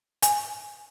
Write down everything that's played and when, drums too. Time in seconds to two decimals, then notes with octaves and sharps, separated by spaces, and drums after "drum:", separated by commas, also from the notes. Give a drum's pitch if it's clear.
0.23 G#5, drum: hi-hat